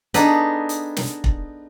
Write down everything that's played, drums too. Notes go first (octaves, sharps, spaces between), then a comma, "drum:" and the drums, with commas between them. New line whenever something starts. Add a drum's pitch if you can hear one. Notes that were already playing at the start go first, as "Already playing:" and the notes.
B3 D4 D#4 G#4 A4 B4, drum: hi-hat
drum: hi-hat
drum: snare
drum: kick